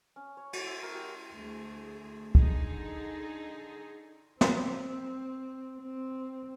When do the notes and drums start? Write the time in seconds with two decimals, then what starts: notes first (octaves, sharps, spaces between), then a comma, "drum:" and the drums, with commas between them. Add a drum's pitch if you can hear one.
0.16 C#4
0.37 C#5
0.53 F#4, drum: cymbal
0.67 E5
0.83 A#4
0.95 G4
1.34 D2 A3 G#4
2.35 D3 D#4 G#4 A4, drum: kick
4.41 C4, drum: snare
5.80 C4